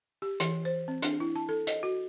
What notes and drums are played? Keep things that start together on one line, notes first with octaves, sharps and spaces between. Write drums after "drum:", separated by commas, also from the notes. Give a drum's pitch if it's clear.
G4
E3, drum: hi-hat
C5
C4
D4, drum: hi-hat
E4
A5
A4
D#5, drum: hi-hat
F#4